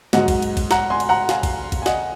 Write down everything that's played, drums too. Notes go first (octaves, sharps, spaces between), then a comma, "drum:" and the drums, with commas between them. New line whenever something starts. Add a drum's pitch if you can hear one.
G#2 F#3 D#5 F#5, drum: snare
drum: kick, cymbal
drum: cymbal
drum: kick, cymbal
F#5 A#5, drum: snare
G#5 C6
drum: cymbal
F#5 A#5
F5 G#5, drum: snare
drum: kick, cymbal
drum: kick, cymbal
G#5
D#5 F#5, drum: snare